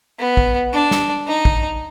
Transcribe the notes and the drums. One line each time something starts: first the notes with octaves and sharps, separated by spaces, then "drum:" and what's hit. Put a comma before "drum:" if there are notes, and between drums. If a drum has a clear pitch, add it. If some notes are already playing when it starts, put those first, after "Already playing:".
B3
drum: kick A1
D4
drum: snare
D#4
drum: kick A1